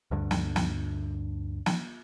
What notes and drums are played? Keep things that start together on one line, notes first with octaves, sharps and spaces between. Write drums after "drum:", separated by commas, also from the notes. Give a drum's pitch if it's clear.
D2 G2 D3
drum: snare
drum: snare
drum: snare